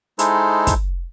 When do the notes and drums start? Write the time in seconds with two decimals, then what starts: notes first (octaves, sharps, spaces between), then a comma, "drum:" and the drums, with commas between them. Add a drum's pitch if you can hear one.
0.19 G#3 D#4 E4 A4 C5, drum: hi-hat
0.67 drum: kick, hi-hat